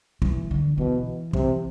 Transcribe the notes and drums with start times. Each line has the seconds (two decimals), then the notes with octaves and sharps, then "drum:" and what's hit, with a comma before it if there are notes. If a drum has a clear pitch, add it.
0.22 E3, drum: kick
0.51 D3
0.78 B2 E3
1.33 C3, drum: kick